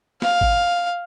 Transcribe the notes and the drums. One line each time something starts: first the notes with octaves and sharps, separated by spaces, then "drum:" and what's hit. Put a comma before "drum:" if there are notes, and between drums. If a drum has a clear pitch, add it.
F5, drum: snare
drum: kick